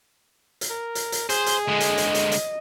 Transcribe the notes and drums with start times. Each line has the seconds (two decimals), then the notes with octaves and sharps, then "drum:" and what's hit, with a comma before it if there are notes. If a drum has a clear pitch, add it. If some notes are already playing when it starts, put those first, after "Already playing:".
0.61 drum: hi-hat
0.70 A#4
0.95 drum: hi-hat
1.12 drum: hi-hat
1.29 G#4 C5, drum: hi-hat
1.46 drum: hi-hat
1.68 D3 G#3 D#5
1.80 drum: hi-hat
1.97 drum: hi-hat
2.14 drum: hi-hat
2.32 drum: hi-hat